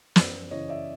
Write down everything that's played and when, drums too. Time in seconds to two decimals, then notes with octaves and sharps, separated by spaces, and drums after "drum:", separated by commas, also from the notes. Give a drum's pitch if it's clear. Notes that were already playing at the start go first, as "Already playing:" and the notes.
0.16 F#2 C5 D5, drum: snare
0.51 C#3 E3 C#5 D#5
0.69 D5 E5